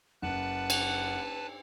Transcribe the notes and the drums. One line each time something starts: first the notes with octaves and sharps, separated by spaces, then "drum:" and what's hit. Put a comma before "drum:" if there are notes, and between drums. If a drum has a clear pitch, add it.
F#1 B4 F#5 A5 F#6
drum: cymbal